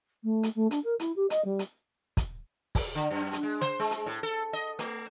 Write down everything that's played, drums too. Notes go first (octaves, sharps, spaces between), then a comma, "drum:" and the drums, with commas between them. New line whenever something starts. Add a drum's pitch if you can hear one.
A3
drum: hi-hat
A3
D4, drum: hi-hat
A#4
E4, drum: hi-hat
G4
D#5, drum: hi-hat
G3
drum: hi-hat
drum: kick, hi-hat
drum: kick, open hi-hat
D3
F#2
drum: hi-hat
G#3
C5, drum: snare
G#3
drum: hi-hat
A2
A4
D#5
A3, drum: hi-hat